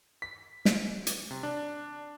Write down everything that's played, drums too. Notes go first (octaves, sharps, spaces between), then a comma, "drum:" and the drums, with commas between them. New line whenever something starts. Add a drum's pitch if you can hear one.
B6
drum: snare
drum: hi-hat
C3
D4